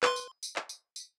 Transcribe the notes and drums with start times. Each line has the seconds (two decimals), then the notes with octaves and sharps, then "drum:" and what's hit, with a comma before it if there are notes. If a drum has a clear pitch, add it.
0.03 B4 C6, drum: clap
0.16 drum: tambourine
0.43 drum: tambourine
0.56 drum: clap
0.69 drum: tambourine
0.96 drum: tambourine